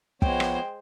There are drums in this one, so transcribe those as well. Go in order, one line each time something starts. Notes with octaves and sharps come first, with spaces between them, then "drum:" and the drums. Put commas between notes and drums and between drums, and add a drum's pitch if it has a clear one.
F3 G#3 B3 C5 C#5 G5, drum: kick
drum: rim click